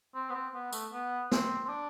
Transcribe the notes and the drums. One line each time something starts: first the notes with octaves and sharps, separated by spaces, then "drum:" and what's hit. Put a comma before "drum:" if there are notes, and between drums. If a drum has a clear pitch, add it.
C4
B3
C4
B3
A3, drum: tambourine
B3
C4, drum: snare
C4
D4